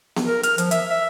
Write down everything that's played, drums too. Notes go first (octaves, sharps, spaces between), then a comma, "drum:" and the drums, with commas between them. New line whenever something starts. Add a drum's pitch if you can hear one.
drum: snare B3
A#4
F6, drum: hi-hat
F3, drum: hi-hat
E5, drum: hi-hat
E5